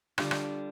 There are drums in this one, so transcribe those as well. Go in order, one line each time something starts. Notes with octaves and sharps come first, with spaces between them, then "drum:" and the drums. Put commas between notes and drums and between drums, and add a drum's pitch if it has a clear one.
D3 G3 D4 F4, drum: rim click
drum: rim click